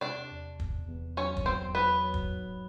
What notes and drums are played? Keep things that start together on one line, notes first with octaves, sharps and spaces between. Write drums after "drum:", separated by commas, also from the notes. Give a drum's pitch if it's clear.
C3 D4 D5
E2
E2, drum: kick
E2
F#3 C#4 C#5
drum: kick
E2 C4 C5
F#3 B3 B4
F#3
drum: kick
G#2